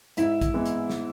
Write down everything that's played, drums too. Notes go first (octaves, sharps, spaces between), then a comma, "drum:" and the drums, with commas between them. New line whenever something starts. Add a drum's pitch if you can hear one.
G#2 E4 E5, drum: hi-hat
drum: kick, hi-hat
E3 G#3 B3
drum: hi-hat
drum: snare